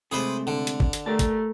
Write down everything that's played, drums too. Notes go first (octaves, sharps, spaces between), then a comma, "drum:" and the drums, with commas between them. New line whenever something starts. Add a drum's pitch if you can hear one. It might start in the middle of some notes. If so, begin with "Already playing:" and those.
C3 G#3 A3 G#4 B4 C5
D3
drum: hi-hat
drum: kick
drum: hi-hat
A3 G4 A#4 D5 A5
drum: kick, hi-hat